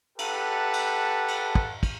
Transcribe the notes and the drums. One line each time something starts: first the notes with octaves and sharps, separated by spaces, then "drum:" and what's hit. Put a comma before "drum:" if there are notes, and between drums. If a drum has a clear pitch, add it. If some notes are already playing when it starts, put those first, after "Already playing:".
G4 A4 B4 F#5 A5, drum: cymbal
drum: cymbal
drum: cymbal
drum: kick
drum: kick, cymbal